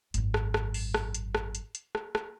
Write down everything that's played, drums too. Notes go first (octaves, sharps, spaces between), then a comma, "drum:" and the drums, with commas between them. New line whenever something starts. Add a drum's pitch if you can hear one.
G#1 F#2, drum: hi-hat
drum: rim click
drum: rim click
drum: open hi-hat
drum: rim click
drum: hi-hat
drum: rim click
drum: hi-hat
drum: hi-hat
drum: rim click
drum: rim click